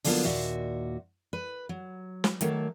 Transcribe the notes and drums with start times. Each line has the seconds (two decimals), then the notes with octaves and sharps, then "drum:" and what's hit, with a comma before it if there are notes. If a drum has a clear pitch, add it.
0.04 D3 F3 F#3 A#3 B3 F4, drum: open hi-hat
0.24 D#2 A#2 F#4 E5
1.33 B4
1.69 F#3
2.24 drum: snare
2.41 D#3 F#3 A3 A#3, drum: hi-hat